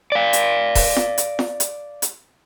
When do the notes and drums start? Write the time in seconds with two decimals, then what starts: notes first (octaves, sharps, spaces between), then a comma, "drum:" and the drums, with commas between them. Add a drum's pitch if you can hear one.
0.12 D5 F5
0.33 drum: hi-hat
0.75 drum: kick D#1, open hi-hat
0.96 drum: snare F4
1.18 drum: hi-hat
1.39 drum: snare F4
1.60 drum: hi-hat
2.02 drum: hi-hat